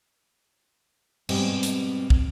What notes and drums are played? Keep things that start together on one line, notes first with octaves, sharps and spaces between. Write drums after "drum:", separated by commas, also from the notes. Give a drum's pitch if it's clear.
G#2 B2 G3 C4 D#5 G#5, drum: cymbal
drum: hi-hat
drum: kick